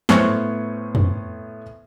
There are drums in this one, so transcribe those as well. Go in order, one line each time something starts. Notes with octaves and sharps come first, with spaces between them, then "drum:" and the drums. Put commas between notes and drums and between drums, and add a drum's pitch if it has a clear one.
A2 B3 C5 C#6 F6 G#6, drum: snare
drum: tom F2